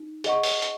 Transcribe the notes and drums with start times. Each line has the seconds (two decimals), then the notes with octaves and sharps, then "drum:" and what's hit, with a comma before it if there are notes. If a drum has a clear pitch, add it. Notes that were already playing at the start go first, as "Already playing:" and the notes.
Already playing: D#4
0.24 G#4 D#5 F#5 C#6, drum: hi-hat
0.43 drum: open hi-hat
0.62 drum: hi-hat